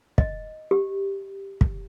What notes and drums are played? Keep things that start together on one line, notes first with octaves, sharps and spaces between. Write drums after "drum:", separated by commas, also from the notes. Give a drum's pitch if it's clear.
D#5, drum: kick
G4
drum: kick